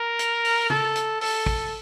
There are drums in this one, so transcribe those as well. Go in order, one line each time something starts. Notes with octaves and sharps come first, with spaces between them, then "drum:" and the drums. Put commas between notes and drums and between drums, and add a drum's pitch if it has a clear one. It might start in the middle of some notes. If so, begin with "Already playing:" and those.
Already playing: A#4
drum: hi-hat
drum: open hi-hat
A4, drum: tom
drum: hi-hat
A4, drum: open hi-hat
drum: kick